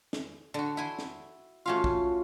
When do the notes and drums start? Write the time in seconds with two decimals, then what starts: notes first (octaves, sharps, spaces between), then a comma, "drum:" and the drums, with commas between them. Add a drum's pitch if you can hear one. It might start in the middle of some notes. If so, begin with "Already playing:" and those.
0.13 drum: snare
0.54 D3 F#4
0.77 E4 G#5 C6
0.99 drum: snare
1.66 A3 C#4 F4 F#4 F5
1.84 drum: kick